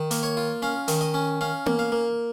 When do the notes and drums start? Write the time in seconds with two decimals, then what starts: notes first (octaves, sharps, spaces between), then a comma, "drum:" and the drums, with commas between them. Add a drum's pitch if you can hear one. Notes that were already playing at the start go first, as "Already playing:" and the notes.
Already playing: D#3
0.11 A#3, drum: open hi-hat
0.23 C#5
0.37 F4
0.62 C#4 F5
0.88 D#3, drum: open hi-hat
1.01 D#5
1.14 C#4
1.41 C#4 F5
1.66 A#3, drum: tom B3
1.79 F5
1.92 A#3